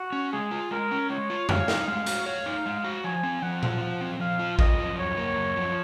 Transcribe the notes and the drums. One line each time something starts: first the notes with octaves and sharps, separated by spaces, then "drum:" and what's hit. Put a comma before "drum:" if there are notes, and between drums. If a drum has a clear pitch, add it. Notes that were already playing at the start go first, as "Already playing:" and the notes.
Already playing: F#4
C#4
G#3 G#4
F4
G#3 A#4
C#4
G#3 C#5
F4
C#5 F5, drum: tom F2
D#4, drum: snare
G#3 F5
F#4, drum: hi-hat
C#5 F5
D#4
G#3
F#4
F3 G#5
C4
F3 F#5
F4, drum: tom A#2
F3
C4
F3 F5
F4
F#2 D#5, drum: kick A1
F3
F#2 C#5
A#3
F#2
F3